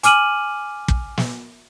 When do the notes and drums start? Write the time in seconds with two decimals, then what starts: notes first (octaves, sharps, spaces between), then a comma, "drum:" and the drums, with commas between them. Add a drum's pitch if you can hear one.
0.03 G#5 D6 F6 D#7 F#7, drum: hi-hat
0.88 drum: kick
1.17 drum: snare